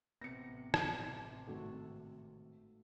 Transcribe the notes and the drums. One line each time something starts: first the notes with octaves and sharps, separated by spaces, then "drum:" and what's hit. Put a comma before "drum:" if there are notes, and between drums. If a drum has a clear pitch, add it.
A1 C3 B3 C4 A#6 C#7
drum: rim click
G#1 A3 F#4 A4